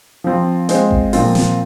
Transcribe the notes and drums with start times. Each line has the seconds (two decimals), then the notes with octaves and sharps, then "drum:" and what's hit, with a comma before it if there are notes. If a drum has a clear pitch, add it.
0.24 F3 C4 F4
0.69 G#3 C4 F4 C5, drum: hi-hat
0.91 drum: kick G#1
1.13 A#2 F3 C4 F4, drum: open hi-hat
1.35 drum: snare